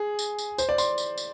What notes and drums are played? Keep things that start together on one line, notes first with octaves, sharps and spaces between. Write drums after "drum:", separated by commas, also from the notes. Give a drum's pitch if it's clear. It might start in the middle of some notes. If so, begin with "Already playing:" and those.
Already playing: G#4
drum: tambourine
drum: tambourine
C5, drum: tambourine
D5
C6, drum: tambourine
drum: tambourine
drum: tambourine